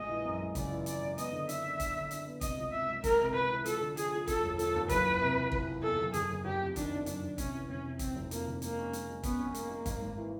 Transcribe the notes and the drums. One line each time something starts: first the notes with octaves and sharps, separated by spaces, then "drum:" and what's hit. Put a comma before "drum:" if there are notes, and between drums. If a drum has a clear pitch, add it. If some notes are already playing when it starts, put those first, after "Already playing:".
Already playing: A#1 G#3 D#5
E3
F#2
G#3
C#3 D5, drum: kick, hi-hat
E3
G#3 D5, drum: hi-hat
C#3
B3 D#5, drum: hi-hat
D3
D4 E5, drum: hi-hat
D4
D4, drum: kick, hi-hat
D3
D4, drum: hi-hat
B3
C3 D#5, drum: kick, hi-hat
C#2
C3 E5
C#2
G#3 A#4, drum: kick, hi-hat
C3
C#2 B4
E3
F3 A4, drum: hi-hat
D3
F3 G#4, drum: hi-hat
F3
F3 A4, drum: kick, hi-hat
E1
F3 A4, drum: hi-hat
D#2
F#1 B4, drum: kick, hi-hat
E3
C3
E3
E3, drum: kick
E3
E2 A4
F#1
F#1 G#4, drum: hi-hat
F#1
F#1 G4
F2
D#3 D4, drum: kick, hi-hat
F2
F#1 D4, drum: hi-hat
D#3
C3 C#4, drum: kick, hi-hat
E3
F1 C#4
C3
E3 C4, drum: kick, hi-hat
F1
F2 A#3, drum: hi-hat
F1
G#3 A#3, drum: hi-hat
C#4
G#3, drum: hi-hat
G#3
B3 C#4, drum: kick, hi-hat
C#4
G#3 A#3, drum: hi-hat
G#3
G#1, drum: kick, hi-hat
G#1
E3